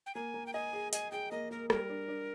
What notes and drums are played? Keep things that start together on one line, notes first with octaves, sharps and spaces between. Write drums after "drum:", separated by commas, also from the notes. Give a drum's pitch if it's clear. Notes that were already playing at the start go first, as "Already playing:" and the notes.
G5
A#3 G#5
A#3
G5
D#5 G#5
G#4
D#5 G#5, drum: hi-hat
G#4 G5
A#3 D#5
A#3 A#4
G3 A#4, drum: rim click
D4
D4